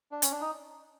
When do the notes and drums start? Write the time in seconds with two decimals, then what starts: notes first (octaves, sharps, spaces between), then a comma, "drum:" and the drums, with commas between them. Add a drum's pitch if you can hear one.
0.12 D4
0.22 C#4, drum: hi-hat
0.31 D4
0.41 D#4